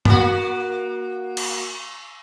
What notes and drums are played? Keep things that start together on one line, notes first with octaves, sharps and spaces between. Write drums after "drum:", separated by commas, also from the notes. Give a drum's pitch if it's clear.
A#3 F#4, drum: tom G2
drum: cymbal